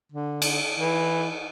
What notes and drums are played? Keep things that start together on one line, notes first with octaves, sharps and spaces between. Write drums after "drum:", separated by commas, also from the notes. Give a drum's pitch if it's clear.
D3
drum: cymbal
E3